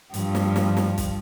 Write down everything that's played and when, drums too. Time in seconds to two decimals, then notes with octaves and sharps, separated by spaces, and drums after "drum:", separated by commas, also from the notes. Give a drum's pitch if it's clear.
0.14 G2 F3, drum: hi-hat
0.35 drum: snare
0.56 drum: snare
0.77 drum: snare
0.98 drum: kick, hi-hat